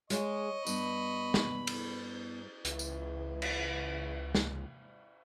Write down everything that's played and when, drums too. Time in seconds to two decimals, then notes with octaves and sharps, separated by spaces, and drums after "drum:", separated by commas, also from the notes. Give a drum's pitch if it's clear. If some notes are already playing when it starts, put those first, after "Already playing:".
0.10 G#3 G#4 C#5 D#5 C#6, drum: hi-hat
0.67 G2 B3 B5, drum: tambourine
1.34 drum: snare
1.67 drum: cymbal
2.65 C#2 E3, drum: hi-hat
2.79 drum: tambourine
3.42 drum: cymbal
4.35 drum: snare